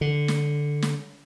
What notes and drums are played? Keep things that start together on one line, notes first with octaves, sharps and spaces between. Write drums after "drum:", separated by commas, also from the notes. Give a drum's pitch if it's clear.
D3
drum: snare
drum: snare